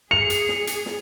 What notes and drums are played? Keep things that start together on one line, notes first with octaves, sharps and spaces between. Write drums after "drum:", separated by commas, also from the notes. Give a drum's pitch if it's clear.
G#4 C#7 F7
drum: hi-hat
drum: snare
drum: hi-hat
drum: snare